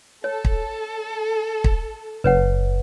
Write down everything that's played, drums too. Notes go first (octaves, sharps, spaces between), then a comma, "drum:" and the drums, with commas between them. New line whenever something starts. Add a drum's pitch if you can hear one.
A4 C#5
drum: kick
drum: kick
F#1 B4 C#5 F#5